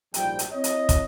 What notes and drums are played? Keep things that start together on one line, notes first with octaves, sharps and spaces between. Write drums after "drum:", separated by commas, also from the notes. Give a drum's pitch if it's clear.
A#1 G#2 F3 G3 G5, drum: hi-hat
drum: hi-hat
C4 E4 C#5 D#5
drum: hi-hat
drum: kick, hi-hat